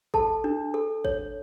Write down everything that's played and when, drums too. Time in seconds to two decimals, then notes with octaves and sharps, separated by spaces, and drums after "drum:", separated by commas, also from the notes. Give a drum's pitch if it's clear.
0.14 A4 A5, drum: kick G#1
0.44 D4
0.74 A4
1.05 C#5, drum: kick G#1